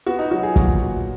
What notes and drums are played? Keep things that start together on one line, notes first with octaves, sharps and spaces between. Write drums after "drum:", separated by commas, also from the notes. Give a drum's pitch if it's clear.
B3 F#4
D#4
F#3 F#4
G#4
A#2 F#4, drum: kick
A#2